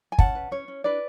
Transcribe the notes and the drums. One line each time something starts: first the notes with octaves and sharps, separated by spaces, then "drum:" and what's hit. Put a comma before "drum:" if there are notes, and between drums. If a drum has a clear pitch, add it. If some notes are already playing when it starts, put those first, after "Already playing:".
G#5
C#4 F#5 A5, drum: kick
B4
C#4 C#5
C#4
D4 B4 D5